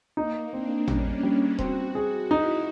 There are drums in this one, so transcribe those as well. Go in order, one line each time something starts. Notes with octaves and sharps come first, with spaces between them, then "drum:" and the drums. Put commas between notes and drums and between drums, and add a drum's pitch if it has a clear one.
A#3 D#4
C4 D4
G3 C#4, drum: tom A1
G3
C4 F#4, drum: kick D#1
G#4
D#4 E4